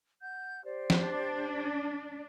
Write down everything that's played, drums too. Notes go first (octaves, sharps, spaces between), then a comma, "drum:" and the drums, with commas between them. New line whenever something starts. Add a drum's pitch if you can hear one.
F#5 G6
G4 C5 D5
drum: snare
D4